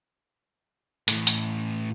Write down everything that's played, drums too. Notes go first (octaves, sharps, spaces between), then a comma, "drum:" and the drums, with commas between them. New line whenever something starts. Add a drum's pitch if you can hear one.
A2 E3, drum: hi-hat
drum: hi-hat